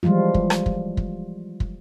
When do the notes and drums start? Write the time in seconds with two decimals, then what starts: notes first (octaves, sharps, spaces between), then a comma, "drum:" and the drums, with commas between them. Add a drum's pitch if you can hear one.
0.03 E3 F3 G3 G#3 F4
0.34 drum: kick
0.50 drum: rim click
0.66 drum: kick
0.97 drum: kick
1.60 drum: kick